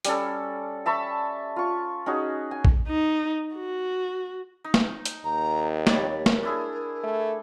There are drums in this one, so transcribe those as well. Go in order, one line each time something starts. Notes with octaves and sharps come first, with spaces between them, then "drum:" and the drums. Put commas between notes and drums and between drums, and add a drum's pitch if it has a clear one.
G3 C#4 A4, drum: hi-hat
E5 A5 B5 C#6
F4 C#6
C#4 D#4 F#4 G#4
G#5
drum: kick
D#4
F#4
D#4
drum: snare
drum: hi-hat
D#2 A#5
G3 A#4 C#5 D5, drum: snare
drum: snare
D4 E4 G#4
A3